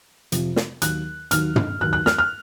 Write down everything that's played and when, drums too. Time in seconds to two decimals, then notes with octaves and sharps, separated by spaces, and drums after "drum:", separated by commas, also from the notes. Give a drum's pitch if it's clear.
0.32 F2 C3 F3, drum: hi-hat
0.56 drum: snare
0.82 D#2 D#3 F#3 F#6, drum: hi-hat
1.31 D#2 D#3 F#3 F6, drum: hi-hat
1.56 drum: tom
1.81 D#2 D#3 F#3 F#6
1.93 F#6
2.06 F6, drum: snare
2.18 F6